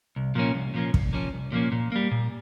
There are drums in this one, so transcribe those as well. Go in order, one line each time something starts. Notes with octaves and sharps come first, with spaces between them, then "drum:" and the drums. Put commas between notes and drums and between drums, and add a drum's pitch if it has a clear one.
C2
A#2 F3 A#3 C#4
C2
A#2 F3 A#3 C#4
C2, drum: kick
A#2 F3 A#3 C#4
C2
A#2 F3 A#3 C#4
A#2
G3 A#3
A#2